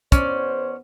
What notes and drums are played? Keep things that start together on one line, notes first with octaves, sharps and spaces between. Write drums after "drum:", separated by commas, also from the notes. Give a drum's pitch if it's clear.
E2 B3 C#4 C5 D5, drum: kick, hi-hat